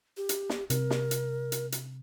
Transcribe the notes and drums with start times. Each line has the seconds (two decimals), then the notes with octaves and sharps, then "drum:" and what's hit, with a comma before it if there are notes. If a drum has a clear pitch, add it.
0.17 G4
0.29 drum: hi-hat
0.50 drum: snare
0.70 C3 A#4, drum: hi-hat
0.90 drum: snare
1.11 drum: hi-hat
1.52 drum: hi-hat
1.72 drum: hi-hat